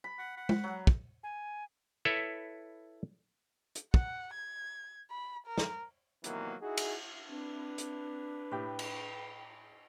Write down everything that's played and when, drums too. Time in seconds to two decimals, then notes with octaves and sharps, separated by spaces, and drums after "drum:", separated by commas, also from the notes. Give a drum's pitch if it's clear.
0.04 B5
0.19 F#5
0.37 F#5
0.49 drum: tom G#3
0.64 F#3
0.87 drum: kick
1.23 G#5
2.05 E4 A4 B4 C#5 E5
3.75 drum: hi-hat
3.94 F#5, drum: kick
4.34 G#6
5.10 B5
5.47 A#4
5.58 drum: snare
6.24 C3 D#3 E3 F#3 A#3 B3, drum: hi-hat
6.62 D#4 E4 F#4 G#4
6.77 drum: cymbal
7.29 C4 D4 B4
7.78 drum: hi-hat
8.51 A2 G4 G5 B5
8.79 drum: cymbal